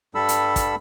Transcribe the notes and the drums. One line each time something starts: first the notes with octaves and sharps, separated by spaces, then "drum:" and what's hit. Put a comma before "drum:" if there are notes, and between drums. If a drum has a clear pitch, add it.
G2 G3 A4 B5 E6
drum: hi-hat
drum: kick, hi-hat